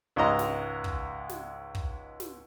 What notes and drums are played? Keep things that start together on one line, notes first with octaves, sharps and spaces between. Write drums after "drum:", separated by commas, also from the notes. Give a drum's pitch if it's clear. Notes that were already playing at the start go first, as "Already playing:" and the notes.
C#2 G#2 D#5 A#5
drum: snare
drum: kick
drum: snare
drum: kick
drum: snare